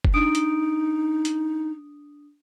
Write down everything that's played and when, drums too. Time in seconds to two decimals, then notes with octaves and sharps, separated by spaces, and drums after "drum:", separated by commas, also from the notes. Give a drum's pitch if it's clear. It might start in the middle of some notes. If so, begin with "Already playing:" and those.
0.05 drum: kick F#1
0.14 D4 D#4 D#6 D7
0.35 drum: hi-hat
1.25 drum: hi-hat